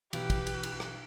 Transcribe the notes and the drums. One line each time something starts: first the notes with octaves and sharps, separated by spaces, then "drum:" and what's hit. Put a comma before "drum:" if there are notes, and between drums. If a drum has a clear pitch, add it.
B1 E3 G4 B4, drum: cymbal
drum: kick, cymbal
drum: cymbal
drum: cymbal
drum: rim click